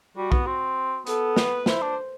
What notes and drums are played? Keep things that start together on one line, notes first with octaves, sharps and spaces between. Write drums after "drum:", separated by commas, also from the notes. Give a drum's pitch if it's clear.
G3 F#4
B3, drum: kick B1
C4
B3 A4, drum: hi-hat
B4, drum: snare
E4 C5, drum: snare
D4